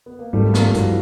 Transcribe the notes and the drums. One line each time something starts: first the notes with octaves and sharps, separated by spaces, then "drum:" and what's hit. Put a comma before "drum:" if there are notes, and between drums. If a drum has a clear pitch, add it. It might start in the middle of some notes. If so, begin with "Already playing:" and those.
B3
A#3
G#2 G3 A3
F3 G3, drum: snare
G2 E3 F#3, drum: hi-hat